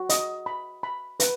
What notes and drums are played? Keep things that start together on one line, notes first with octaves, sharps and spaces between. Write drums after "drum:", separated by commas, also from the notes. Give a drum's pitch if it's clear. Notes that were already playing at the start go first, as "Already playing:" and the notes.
Already playing: F#4
D#5, drum: hi-hat
B5
B5
B4, drum: hi-hat